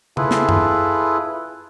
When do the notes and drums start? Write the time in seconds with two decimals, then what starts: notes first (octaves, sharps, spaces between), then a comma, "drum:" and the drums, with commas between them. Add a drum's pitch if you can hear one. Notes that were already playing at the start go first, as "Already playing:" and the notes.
0.17 E4 F4 G#4 A4 B4, drum: tom C#3
0.31 drum: snare
0.49 drum: tom F#2